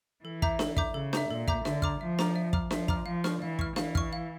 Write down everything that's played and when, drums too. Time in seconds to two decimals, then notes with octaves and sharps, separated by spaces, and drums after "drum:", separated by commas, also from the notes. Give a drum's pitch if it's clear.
0.24 E3 A4
0.42 E5 A#5 D6 G6, drum: kick
0.59 A4, drum: snare D4
0.77 E5 A#5 D6 G6, drum: kick
0.94 C#3 A4
1.13 E5 A#5 D6 G6, drum: snare D4
1.30 A#2 A4
1.48 E5 A#5 D6 G6, drum: kick
1.65 D3 E5, drum: snare D4
1.82 A#5 D6 F6, drum: kick
2.00 F3 E5
2.19 A#5 D6 F6, drum: snare D4
2.36 E5
2.53 A#5 D6 F6, drum: kick
2.71 F3 E5, drum: snare D4
2.88 A#5 D6 F6, drum: kick
3.06 F3 F5
3.24 C#6 F6, drum: snare D4
3.42 E3 F5
3.59 C#6 F6, drum: kick
3.76 E3 F5, drum: snare D4
3.95 C#6 F6, drum: kick
4.13 F5